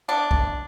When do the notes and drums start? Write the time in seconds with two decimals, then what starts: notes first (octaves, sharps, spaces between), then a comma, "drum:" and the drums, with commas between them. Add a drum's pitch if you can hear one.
0.08 E3 B3 D4
0.31 drum: kick